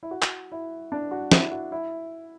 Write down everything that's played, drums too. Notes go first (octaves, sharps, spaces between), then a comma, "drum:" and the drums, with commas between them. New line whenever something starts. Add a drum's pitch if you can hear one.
E4
F#4
drum: clap
E4
D4
F#4
E4, drum: snare
F#4
E4